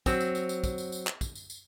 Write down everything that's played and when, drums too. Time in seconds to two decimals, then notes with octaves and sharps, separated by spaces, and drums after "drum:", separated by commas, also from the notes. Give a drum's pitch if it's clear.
0.06 F#3 C4, drum: kick, tambourine
0.20 drum: tambourine
0.35 drum: tambourine
0.49 drum: tambourine
0.64 drum: kick, tambourine
0.78 drum: tambourine
0.92 drum: tambourine
1.07 drum: clap
1.21 drum: kick, tambourine
1.35 drum: tambourine
1.50 drum: tambourine